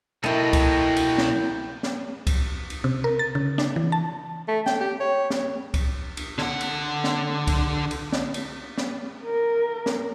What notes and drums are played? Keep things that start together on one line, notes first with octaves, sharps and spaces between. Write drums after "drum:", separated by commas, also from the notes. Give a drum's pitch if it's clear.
B2 F#3 A#3 E4 A4 D#5 G5 A5
drum: kick C2, cymbal
drum: cymbal
drum: snare
drum: snare
drum: kick C2, cymbal
drum: cymbal
C3
A#4
A6
C#3
D4, drum: snare
E3
A5
A3
G5, drum: snare
G4
C#5
drum: snare
drum: kick C2, cymbal
drum: cymbal
D3 F#5, drum: snare
drum: cymbal
drum: snare
drum: kick C2, cymbal
drum: cymbal
drum: snare
drum: cymbal
drum: snare
A#4
drum: snare